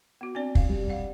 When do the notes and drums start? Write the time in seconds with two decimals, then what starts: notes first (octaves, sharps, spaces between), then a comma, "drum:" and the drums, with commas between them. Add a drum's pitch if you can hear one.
0.21 B3 F#4
0.35 C4 D4 D5
0.55 F5, drum: kick
0.69 G3
0.90 F5 F#5